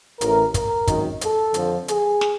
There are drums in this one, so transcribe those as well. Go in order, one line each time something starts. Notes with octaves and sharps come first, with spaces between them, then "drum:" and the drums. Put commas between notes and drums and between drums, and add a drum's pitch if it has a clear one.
A1 A2 E3 A#4, drum: hi-hat
A#4, drum: kick, hi-hat
G#1 F#2 D#3, drum: kick, hi-hat
A4, drum: hi-hat
F2 D3 F3, drum: hi-hat
G#4, drum: hi-hat
drum: snare